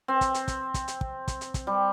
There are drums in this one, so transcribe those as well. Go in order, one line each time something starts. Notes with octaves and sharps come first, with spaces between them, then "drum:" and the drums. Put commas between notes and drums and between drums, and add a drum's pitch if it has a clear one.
C4
drum: kick, hi-hat
drum: hi-hat
drum: kick, hi-hat
drum: kick, hi-hat
drum: hi-hat
drum: kick
drum: kick, hi-hat
drum: hi-hat
drum: kick, hi-hat
G3